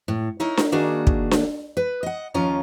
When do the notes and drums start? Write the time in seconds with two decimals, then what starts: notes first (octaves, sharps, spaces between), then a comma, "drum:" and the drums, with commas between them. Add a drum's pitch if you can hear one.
0.08 A2
0.40 D#4 E4 A#4 C#5
0.57 drum: snare D4
0.72 D#3 A#3 D4 F#4 G#4
1.07 drum: kick
1.31 drum: snare D4
1.77 B4
2.03 D#5 F#5
2.34 D#2 F3 C#4 F4 A#5